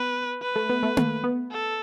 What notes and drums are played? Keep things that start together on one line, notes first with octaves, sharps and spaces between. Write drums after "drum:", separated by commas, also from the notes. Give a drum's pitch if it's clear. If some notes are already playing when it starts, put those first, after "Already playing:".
Already playing: B3 B4
B4
A3
B3
A3
A3, drum: tom A#3
B3
A4